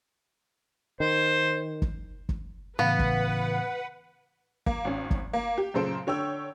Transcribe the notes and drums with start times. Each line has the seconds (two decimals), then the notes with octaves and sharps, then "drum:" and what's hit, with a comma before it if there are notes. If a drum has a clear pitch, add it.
1.00 D#3 C5
1.82 drum: kick
2.29 drum: kick
2.79 A2 C#3 E3 B3 B4 F5 F#5
2.99 drum: kick
4.66 A#3, drum: kick
4.85 G#1 C#4
5.11 drum: kick
5.33 A#3
5.58 G4
5.74 F#2 A#2 C#3 A4 C5 D7
6.07 D3 C#5 G5 E6